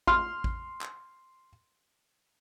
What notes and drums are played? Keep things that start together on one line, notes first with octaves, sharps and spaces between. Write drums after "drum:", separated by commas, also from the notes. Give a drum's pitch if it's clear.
C6 F6, drum: kick A1
drum: kick A1
drum: clap